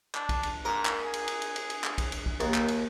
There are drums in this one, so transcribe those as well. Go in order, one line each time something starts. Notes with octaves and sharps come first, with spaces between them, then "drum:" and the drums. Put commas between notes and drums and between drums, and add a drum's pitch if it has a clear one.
D4, drum: clap
drum: kick B1, cymbal
drum: cymbal
G#2 A#4
drum: clap
G#4
drum: cymbal
drum: cymbal
drum: cymbal
drum: cymbal
drum: cymbal
drum: clap
drum: kick B1, cymbal
drum: cymbal
drum: kick B1
D#2, drum: cymbal
drum: clap
drum: cymbal